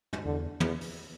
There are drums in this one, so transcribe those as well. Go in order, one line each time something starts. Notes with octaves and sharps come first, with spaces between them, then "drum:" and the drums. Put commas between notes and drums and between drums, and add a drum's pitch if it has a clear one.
drum: tom
E2 D3
E2, drum: tom
drum: open hi-hat